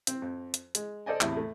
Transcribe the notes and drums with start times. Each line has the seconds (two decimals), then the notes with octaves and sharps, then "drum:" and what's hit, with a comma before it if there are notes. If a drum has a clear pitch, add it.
0.07 C4, drum: hi-hat
0.22 F2
0.54 drum: hi-hat
0.75 G#3, drum: hi-hat
1.06 A4 C5 D5 D#5 G#5
1.21 E2 A2 C3 D#6, drum: clap
1.37 A3